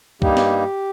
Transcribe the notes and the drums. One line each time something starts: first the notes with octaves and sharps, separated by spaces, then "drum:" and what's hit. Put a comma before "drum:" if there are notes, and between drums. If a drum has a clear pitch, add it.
G2 G3 A#3 D#4 G4, drum: kick
drum: snare